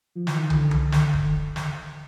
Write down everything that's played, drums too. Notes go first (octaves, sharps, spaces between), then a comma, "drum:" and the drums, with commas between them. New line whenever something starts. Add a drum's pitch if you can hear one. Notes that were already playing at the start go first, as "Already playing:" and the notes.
F3
E3, drum: snare
D#3
D3, drum: tom
drum: tom D#3
drum: snare
drum: kick E1
drum: snare